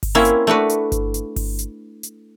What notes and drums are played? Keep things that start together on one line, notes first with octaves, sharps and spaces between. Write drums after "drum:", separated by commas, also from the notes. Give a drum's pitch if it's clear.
drum: kick G1, open hi-hat
A#3 C4 C#4 E4
drum: hi-hat
A3 D4 F#4 B4
drum: hi-hat
drum: kick G1, hi-hat
drum: hi-hat
drum: kick G1, open hi-hat
drum: hi-hat
drum: hi-hat